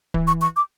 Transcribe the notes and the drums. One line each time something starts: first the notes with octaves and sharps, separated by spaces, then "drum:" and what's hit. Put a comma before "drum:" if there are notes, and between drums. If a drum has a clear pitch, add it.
E3, drum: kick D1
C#6
C#6
D6